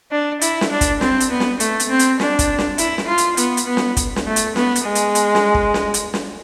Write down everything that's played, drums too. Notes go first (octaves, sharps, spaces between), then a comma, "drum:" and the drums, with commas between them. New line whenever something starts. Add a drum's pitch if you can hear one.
D4
E4, drum: hi-hat
drum: snare
D4
drum: kick, hi-hat
C4, drum: snare
drum: hi-hat
B3
drum: snare
A3, drum: hi-hat
drum: hi-hat
C4
drum: hi-hat
D4, drum: snare
drum: kick, hi-hat
drum: snare
E4, drum: hi-hat
drum: snare
F4
drum: hi-hat
B3, drum: hi-hat
drum: hi-hat
B3
drum: snare
drum: kick, hi-hat
drum: snare
A3
drum: hi-hat
B3, drum: snare
drum: hi-hat
G#3
drum: hi-hat
drum: hi-hat
drum: snare
drum: kick
drum: snare
drum: hi-hat
drum: snare